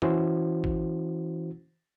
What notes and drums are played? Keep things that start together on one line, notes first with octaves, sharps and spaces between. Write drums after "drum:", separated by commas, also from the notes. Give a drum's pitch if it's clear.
E3 C#4 E4 F#4 C5, drum: tom
drum: kick